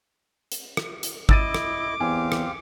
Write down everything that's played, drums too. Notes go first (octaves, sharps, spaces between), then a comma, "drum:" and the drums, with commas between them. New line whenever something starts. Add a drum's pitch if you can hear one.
drum: hi-hat
drum: rim click
drum: hi-hat
E4 D#5 D6 E6 A6 D#7, drum: kick G#1
drum: rim click
E2 C4 G4 F5 G#5
drum: rim click